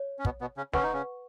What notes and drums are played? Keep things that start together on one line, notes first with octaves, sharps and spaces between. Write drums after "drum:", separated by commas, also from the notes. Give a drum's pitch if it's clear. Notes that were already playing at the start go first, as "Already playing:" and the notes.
Already playing: C#5
C#4
B2 B3, drum: kick
B2 B3
C#3 C#4
C#4 B4 F#5 C#6, drum: snare
D#4
C#3 C#4